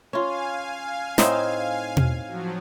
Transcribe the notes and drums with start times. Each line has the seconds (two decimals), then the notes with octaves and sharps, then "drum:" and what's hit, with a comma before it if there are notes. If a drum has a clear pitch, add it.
0.13 C#4 F4 F5 G#5
1.18 A2 C4 D#4, drum: snare
1.97 drum: tom B2
2.27 F3 F#3